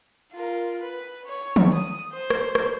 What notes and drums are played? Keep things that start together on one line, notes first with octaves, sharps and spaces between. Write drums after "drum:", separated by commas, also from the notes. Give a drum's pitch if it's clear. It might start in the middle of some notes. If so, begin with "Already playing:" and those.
F4 A#4
B4
C#5
drum: tom
D#6
C5
drum: rim click
drum: rim click